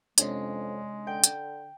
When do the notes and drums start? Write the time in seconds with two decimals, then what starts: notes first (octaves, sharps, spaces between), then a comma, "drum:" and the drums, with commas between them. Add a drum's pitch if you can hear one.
0.18 F2 C3 G#3 C#4 D4, drum: hi-hat
1.07 D3 G5
1.24 drum: hi-hat